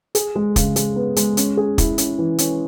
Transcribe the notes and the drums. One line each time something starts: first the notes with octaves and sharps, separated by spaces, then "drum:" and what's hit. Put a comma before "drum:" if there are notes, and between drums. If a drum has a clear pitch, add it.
G#4, drum: hi-hat
G#3
C#3, drum: kick, hi-hat
G#3, drum: hi-hat
B3
G#3, drum: hi-hat
C#4, drum: hi-hat
G#4
E4, drum: kick, hi-hat
C#4, drum: hi-hat
E3
C#4, drum: hi-hat